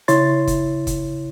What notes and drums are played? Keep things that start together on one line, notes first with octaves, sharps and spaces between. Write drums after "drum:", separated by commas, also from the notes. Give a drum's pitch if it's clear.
C#3 E4 C#5 C6 A6, drum: hi-hat
drum: kick, hi-hat
drum: kick, hi-hat